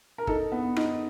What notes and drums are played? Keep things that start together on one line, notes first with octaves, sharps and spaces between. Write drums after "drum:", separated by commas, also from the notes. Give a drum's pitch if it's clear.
A#4
D#4 A4, drum: kick
B3
D#4, drum: rim click